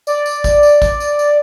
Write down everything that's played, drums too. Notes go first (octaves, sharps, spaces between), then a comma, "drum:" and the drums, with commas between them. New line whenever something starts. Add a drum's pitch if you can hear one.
D5, drum: tambourine
drum: tambourine
drum: kick, tambourine
drum: tambourine
drum: kick, tambourine
drum: tambourine
drum: tambourine